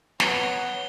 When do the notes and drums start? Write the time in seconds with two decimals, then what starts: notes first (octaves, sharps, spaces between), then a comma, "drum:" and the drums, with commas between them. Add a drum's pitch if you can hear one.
0.20 B3 B4 C#5 G#6 G7, drum: snare